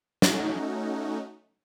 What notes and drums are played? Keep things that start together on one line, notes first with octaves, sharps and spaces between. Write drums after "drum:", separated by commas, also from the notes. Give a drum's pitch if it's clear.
A3 C#4 D#4 F#4, drum: snare